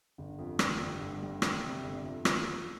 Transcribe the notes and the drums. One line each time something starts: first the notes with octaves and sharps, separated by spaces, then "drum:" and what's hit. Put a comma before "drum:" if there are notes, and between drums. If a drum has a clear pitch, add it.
G1
F2
G3, drum: rim click
G1
G1
G3
G3, drum: rim click
C3
G1
F2
F3, drum: rim click
F3